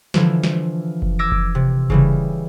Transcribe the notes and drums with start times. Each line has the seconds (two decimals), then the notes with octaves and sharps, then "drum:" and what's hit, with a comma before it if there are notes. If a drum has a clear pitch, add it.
0.14 D3 E3 F3, drum: snare
0.44 drum: snare
1.02 drum: kick F1
1.19 D6 E6 G#6 A#6 D7
1.31 drum: kick F1
1.55 C3
1.90 C#3 E3 G3, drum: kick F1